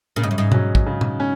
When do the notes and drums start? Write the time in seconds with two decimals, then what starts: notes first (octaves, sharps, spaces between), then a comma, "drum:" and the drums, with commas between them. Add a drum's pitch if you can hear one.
0.16 A#2 C#3
0.23 G#2
0.31 F#2
0.38 G#2
0.52 F#3 C#4, drum: tom B2
0.75 drum: kick
0.86 C#3
1.01 drum: tom A#2
1.20 C#4